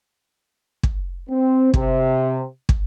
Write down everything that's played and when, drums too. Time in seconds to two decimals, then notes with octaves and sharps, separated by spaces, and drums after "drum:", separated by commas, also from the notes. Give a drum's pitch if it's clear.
0.83 drum: kick
1.30 C4
1.74 C3, drum: kick
2.69 drum: kick